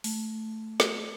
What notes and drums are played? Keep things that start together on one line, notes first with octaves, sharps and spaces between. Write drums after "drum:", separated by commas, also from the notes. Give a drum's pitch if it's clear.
A3, drum: open hi-hat
drum: snare